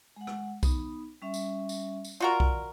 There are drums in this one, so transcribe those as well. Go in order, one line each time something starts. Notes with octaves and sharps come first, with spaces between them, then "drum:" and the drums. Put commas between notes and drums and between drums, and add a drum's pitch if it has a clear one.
G#3 F#5
drum: rim click
B3 D#4, drum: kick B1, tambourine
G3 C#4 E5
drum: tambourine
drum: tambourine
drum: tambourine
F4 F#4 A#4 D5
drum: kick B1